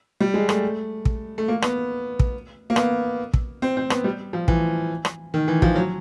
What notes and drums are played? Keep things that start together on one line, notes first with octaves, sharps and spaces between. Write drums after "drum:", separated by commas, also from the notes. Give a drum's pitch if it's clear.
G3
G#3
A3, drum: rim click
drum: kick
A3
A#3
B3, drum: rim click
drum: kick
A#3
B3, drum: rim click
drum: kick
C4
C4
B3, drum: rim click
G3
F3
E3, drum: kick
drum: rim click
D#3
E3
F3, drum: kick
F#3